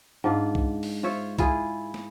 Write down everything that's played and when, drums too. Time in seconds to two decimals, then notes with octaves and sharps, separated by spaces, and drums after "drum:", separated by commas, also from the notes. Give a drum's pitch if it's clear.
0.24 G#2 D4 F4
0.55 drum: kick
0.83 drum: open hi-hat
1.03 F4 C5 C#5 E5
1.38 E4 F4 G#4, drum: kick, hi-hat
1.94 drum: snare